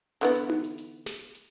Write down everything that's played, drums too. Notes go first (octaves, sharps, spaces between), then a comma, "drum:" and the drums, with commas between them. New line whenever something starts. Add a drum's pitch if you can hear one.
D3 E3 B3, drum: hi-hat
drum: hi-hat
drum: tom D#4
drum: hi-hat
drum: hi-hat
drum: snare
drum: hi-hat
drum: hi-hat